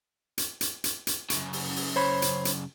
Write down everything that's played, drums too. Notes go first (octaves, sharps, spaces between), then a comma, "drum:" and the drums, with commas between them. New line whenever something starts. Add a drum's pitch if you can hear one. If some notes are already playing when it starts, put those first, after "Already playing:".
drum: hi-hat
drum: hi-hat
drum: hi-hat
drum: hi-hat
F#2 C#3, drum: hi-hat
drum: open hi-hat
drum: open hi-hat
C5 C#5 B5
drum: hi-hat
drum: hi-hat